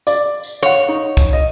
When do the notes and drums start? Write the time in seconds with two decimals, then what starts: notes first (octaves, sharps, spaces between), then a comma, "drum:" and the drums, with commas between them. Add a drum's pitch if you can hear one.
0.07 D5, drum: tambourine
0.44 drum: tambourine
0.63 C#5 F5 F#5
0.88 D#4
1.17 drum: kick, tambourine
1.33 D#5